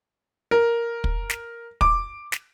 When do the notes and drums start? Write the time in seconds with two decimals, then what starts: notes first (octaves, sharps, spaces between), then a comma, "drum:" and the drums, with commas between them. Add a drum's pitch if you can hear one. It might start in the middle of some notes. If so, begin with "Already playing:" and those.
0.51 A#4
1.04 drum: kick
1.30 drum: snare
1.81 D6, drum: kick
2.32 drum: snare